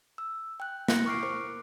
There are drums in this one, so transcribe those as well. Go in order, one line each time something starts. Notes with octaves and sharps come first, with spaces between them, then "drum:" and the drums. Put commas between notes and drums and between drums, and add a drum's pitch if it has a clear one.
E6
G5 F#6
E4 F#6 A#6 C#7, drum: snare
C#6 D6 F6 F#6 C7 D7
A#4 C5 D6